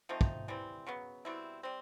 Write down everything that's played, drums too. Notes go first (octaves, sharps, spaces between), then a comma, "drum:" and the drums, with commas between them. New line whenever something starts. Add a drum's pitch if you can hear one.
F3 A3 C4 D#4
drum: kick
E3 G3 C4
C#3 F#3 B3
B2 G3 C4 E4
G3 C4